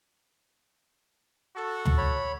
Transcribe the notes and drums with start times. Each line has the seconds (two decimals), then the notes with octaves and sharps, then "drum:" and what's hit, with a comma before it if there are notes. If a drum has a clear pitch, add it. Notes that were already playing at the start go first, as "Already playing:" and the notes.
1.57 F#4 A4
1.85 drum: tom
1.98 C#5 B5